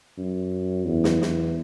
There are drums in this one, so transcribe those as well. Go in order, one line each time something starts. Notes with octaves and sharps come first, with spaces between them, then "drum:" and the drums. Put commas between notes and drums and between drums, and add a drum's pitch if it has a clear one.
F#2
E2
drum: snare
E2, drum: snare